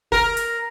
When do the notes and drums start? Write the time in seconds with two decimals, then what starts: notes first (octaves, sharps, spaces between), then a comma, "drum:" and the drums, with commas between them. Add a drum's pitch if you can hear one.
0.12 A#4, drum: kick
0.37 drum: hi-hat